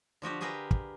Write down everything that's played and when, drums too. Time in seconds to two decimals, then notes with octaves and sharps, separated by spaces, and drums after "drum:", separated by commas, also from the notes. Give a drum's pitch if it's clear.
0.22 D3 F3 F#4 G4
0.41 G4 G#4 A#4 B4 G5
0.71 drum: kick